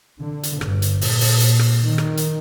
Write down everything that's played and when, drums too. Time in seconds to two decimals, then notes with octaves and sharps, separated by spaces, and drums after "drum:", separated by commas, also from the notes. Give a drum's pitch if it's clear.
0.18 D3
0.43 drum: hi-hat
0.61 G1, drum: rim click
0.82 drum: hi-hat
1.01 A#2, drum: open hi-hat
1.21 drum: open hi-hat
1.40 drum: hi-hat
1.59 drum: rim click
1.82 D#3
1.98 drum: rim click
2.17 drum: hi-hat